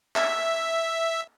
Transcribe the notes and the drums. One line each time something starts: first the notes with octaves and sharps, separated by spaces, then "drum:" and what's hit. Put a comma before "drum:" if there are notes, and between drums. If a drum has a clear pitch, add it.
E5, drum: clap